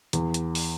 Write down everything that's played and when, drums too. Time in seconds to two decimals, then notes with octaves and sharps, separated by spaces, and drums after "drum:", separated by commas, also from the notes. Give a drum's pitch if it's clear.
0.13 E2, drum: hi-hat
0.34 drum: hi-hat
0.55 drum: open hi-hat